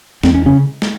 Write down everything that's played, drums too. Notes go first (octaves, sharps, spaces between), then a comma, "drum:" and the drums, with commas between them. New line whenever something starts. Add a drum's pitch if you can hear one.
E2 C4, drum: snare
C#4
C#3 C#4
drum: snare